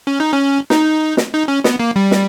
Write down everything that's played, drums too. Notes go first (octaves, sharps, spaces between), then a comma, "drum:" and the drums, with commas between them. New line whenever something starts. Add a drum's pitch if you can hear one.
C#4
D#4
C#4
D#4, drum: snare
drum: snare
D#4
C#4
B3, drum: snare
A#3
G3
drum: snare